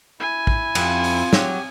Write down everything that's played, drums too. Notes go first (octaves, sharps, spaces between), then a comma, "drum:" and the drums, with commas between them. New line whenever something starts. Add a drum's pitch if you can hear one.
E4 G#5
drum: kick
F2 F4, drum: cymbal
drum: open hi-hat
F#3 G4, drum: snare